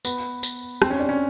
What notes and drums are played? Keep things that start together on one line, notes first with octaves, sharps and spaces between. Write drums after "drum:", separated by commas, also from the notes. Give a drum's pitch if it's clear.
B3, drum: tambourine
drum: tambourine
C4, drum: rim click
C#4
D4
C#4